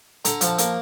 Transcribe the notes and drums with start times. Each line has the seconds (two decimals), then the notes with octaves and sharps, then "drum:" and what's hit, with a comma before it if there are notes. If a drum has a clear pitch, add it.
0.25 D3 A#5, drum: hi-hat
0.41 F3, drum: hi-hat
0.47 A5
0.58 A#3, drum: hi-hat